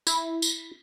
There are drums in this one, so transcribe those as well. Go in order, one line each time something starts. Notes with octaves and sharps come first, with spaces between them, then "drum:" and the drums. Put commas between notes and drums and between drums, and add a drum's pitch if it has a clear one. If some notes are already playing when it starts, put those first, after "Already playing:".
E4, drum: tambourine
drum: tambourine